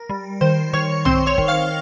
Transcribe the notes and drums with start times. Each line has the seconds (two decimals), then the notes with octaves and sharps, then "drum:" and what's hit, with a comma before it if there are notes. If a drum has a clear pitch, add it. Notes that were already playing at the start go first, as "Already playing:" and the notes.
Already playing: A#4
0.09 G3
0.41 D#3 C5 C6
0.73 D#3 C#5 C#6
1.05 C4 C5 C6, drum: tom
1.26 C#5 C#6
1.38 D#3, drum: kick
1.48 F5 F6